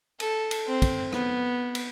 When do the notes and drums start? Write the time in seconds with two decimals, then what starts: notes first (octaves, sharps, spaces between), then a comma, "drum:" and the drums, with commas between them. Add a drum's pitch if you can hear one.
0.20 A4, drum: cymbal
0.51 drum: cymbal
0.67 C4
0.82 drum: kick, cymbal
1.12 B3, drum: rim click
1.75 drum: cymbal